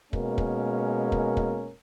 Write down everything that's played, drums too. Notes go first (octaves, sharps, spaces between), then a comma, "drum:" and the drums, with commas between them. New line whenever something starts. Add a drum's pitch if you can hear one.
B2 G#3 A#3 C#4 A#4, drum: kick
drum: kick
drum: kick
drum: kick